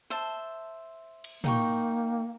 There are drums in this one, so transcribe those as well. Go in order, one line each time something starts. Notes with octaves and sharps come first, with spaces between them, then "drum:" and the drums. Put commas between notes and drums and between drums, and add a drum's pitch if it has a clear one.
C5 E5 A5
drum: cymbal
A#3 D#4 G5 C#6, drum: tom